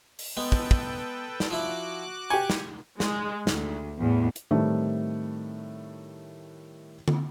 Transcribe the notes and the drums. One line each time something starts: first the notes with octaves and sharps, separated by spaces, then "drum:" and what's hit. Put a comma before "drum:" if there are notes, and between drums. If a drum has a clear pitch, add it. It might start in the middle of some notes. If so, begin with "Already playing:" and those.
drum: open hi-hat
G#3 B3 A4 B4 G5
drum: kick
drum: kick
drum: snare
F3 E4 F#4 D6 F#6
G4 G#5 C#6
drum: snare
G#3, drum: snare
D2, drum: snare
E2 A2
drum: hi-hat
A2 D#3 G3 A3 C4
drum: tom D3